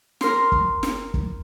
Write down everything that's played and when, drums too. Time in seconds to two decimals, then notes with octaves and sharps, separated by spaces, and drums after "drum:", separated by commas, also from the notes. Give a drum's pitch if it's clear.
0.21 A#4 C6, drum: snare
0.52 drum: kick
0.83 drum: snare
1.14 drum: kick